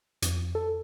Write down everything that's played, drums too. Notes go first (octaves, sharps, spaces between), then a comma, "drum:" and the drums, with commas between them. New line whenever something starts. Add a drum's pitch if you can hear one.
F2, drum: hi-hat
A4